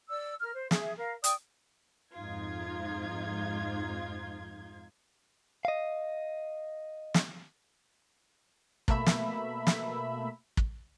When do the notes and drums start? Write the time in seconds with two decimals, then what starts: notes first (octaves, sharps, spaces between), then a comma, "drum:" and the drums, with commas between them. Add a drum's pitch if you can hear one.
0.09 D5 E6
0.41 A#4 F6
0.54 C5
0.71 G#4 E5, drum: snare
0.97 A#4 F5
1.24 D5 G5 D#6, drum: hi-hat
2.14 F2 G#2 D#4 F4 G#6
5.65 D#5 F5
7.14 drum: snare
8.88 B2 A3 A#3 E5 B5, drum: kick
9.06 drum: snare
9.67 drum: snare
10.57 drum: kick